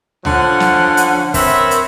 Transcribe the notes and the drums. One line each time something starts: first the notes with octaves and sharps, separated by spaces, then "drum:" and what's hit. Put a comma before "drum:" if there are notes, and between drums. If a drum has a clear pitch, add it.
D3 F3 C#4 F#5, drum: tom C#2
drum: snare
drum: hi-hat
C4 A#4 B4 C#5 E5, drum: kick, open hi-hat
drum: hi-hat